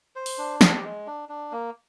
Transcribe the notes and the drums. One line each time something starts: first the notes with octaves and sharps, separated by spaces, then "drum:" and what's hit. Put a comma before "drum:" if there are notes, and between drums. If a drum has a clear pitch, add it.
C5
drum: open hi-hat
D4
G4, drum: snare
G#3
D4
D4
A#3